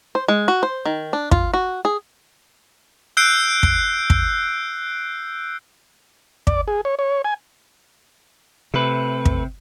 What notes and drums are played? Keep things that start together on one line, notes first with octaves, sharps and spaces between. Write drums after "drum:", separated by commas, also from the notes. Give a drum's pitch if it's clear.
C5
G#3
F#4
C5
D#3
D4
F4, drum: kick
F#4
G#4
E6 F#6 G6 C7 D7
drum: kick
drum: kick
D5, drum: kick
G#4
C#5
C#5
G#5
C3 A3 B4
drum: kick